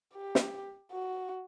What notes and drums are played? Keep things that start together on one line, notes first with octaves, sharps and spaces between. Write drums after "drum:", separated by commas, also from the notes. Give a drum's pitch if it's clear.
G4
drum: snare
F#4